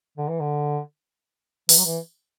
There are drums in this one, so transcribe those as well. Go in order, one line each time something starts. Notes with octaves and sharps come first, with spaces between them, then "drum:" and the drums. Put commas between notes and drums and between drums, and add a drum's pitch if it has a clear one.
D3
E3
D3
E3, drum: open hi-hat
F#3
E3